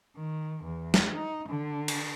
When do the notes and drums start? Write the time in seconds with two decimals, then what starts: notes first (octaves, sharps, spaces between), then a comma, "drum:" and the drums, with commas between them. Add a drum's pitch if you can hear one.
0.16 D#3
0.64 E2
0.94 drum: snare
1.13 D#4
1.49 D3
1.88 drum: cymbal